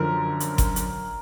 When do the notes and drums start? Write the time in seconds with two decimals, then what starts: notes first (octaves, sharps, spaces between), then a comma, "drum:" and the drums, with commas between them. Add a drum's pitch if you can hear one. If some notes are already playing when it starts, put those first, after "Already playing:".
Already playing: F#2 D3 F3 A#4
0.40 drum: hi-hat
0.58 drum: kick G1, hi-hat
0.76 drum: hi-hat